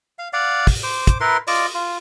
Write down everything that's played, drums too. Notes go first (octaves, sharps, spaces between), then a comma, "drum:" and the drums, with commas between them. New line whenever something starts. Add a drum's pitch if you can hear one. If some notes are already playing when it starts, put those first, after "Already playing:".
F5
D5 F5 F#5
drum: kick, open hi-hat
C5 D6
drum: kick, hi-hat
E4 A#4 B4 C6
F4 D5 D#5 D6, drum: open hi-hat
F4